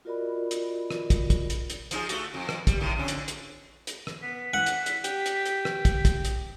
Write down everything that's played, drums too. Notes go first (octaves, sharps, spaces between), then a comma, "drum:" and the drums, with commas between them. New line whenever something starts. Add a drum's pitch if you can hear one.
F4 F#4 A#4 D5 D#5 B5
drum: hi-hat
drum: rim click
drum: kick, hi-hat
drum: kick, hi-hat
drum: hi-hat
drum: hi-hat
F3 D#4 G#4, drum: hi-hat
A3 F#4, drum: hi-hat
F2
drum: rim click
G3, drum: kick, hi-hat
A2 D#3
F2 D3 C#4
drum: hi-hat
drum: hi-hat
drum: hi-hat
drum: rim click
B3 B6
E3 F#5
drum: hi-hat
drum: hi-hat
G4, drum: hi-hat
drum: hi-hat
drum: hi-hat
drum: rim click
drum: kick, hi-hat
drum: kick, hi-hat
drum: hi-hat